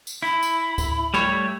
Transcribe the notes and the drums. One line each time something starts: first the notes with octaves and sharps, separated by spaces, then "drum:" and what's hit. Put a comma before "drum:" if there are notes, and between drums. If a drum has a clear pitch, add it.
drum: tambourine
E4 B5
drum: tambourine
drum: kick D2, tambourine
G3 A3 C#5, drum: snare